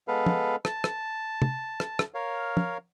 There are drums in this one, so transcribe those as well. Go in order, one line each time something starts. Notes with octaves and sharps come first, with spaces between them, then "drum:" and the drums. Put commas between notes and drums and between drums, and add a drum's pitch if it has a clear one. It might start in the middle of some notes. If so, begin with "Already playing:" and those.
G#3 B3 A4 B4 F5
drum: tom
A5, drum: rim click
drum: rim click
drum: tom
drum: rim click
drum: rim click
A#4 C#5 F5
drum: tom